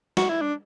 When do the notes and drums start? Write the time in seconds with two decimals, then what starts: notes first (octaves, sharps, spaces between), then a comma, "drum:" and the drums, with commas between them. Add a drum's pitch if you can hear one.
0.17 F#4, drum: snare
0.29 E4
0.42 D4